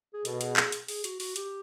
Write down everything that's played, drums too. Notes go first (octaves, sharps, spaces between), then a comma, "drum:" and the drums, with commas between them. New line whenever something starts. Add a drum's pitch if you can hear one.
G#4
B2 A4, drum: hi-hat
G#4, drum: hi-hat
drum: clap
drum: hi-hat
G#4, drum: open hi-hat
F#4, drum: hi-hat
F#4, drum: open hi-hat
G4, drum: hi-hat